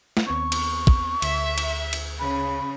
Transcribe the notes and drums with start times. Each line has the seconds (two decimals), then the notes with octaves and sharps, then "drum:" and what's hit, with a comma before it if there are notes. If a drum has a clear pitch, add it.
0.17 drum: snare
0.27 D#2 B3 C4 C#6
0.52 drum: cymbal
0.87 drum: kick
1.22 D2 E5, drum: cymbal
1.58 drum: cymbal
1.93 drum: cymbal
2.19 C#3 B5